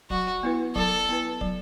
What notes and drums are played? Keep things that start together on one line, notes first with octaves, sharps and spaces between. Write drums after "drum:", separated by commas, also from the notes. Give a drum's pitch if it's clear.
F#3 F#4, drum: kick
B3 E4 B4
F#3 A4, drum: kick
B3 E4 B4
F#3, drum: kick